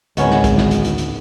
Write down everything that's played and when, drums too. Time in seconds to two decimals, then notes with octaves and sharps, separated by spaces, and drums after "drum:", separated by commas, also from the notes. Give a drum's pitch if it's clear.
0.17 G#1 D2 A2 D#3 B3 C#4, drum: hi-hat
0.30 drum: snare
0.44 drum: kick, hi-hat
0.57 drum: snare
0.71 drum: hi-hat
0.84 drum: hi-hat
0.98 drum: hi-hat